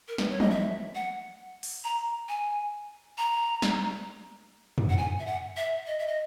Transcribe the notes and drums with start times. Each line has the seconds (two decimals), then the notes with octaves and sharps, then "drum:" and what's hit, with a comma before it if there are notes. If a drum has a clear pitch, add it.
0.08 A#4
0.18 B4, drum: snare
0.29 C#5
0.40 D#5, drum: tom
0.50 E5
0.95 F#5
1.63 drum: open hi-hat
1.84 A#5
2.28 G#5
3.18 A#5
3.62 drum: snare
4.78 drum: tom
4.89 F#5
4.97 G#5
5.19 E5
5.26 F#5
5.56 E5
5.87 D#5
5.99 E5
6.07 D#5